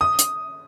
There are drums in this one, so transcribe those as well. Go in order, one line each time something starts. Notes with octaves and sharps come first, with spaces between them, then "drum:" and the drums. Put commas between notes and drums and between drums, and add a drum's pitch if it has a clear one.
D#6
drum: hi-hat